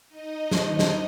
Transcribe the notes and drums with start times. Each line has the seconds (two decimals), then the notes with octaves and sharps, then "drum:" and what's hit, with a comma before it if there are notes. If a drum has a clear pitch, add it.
0.08 D#4 D#5
0.51 D#2 D#3, drum: snare
0.79 drum: snare